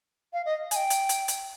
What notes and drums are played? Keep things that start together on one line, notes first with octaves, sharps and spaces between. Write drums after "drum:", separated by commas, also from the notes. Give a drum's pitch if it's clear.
F5
D#5
G#5, drum: hi-hat
G5
drum: hi-hat
drum: hi-hat
drum: hi-hat